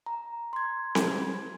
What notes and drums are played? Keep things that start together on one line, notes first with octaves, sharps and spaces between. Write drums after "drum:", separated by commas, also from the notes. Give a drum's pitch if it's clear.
A#5
C6 G#6
drum: snare C4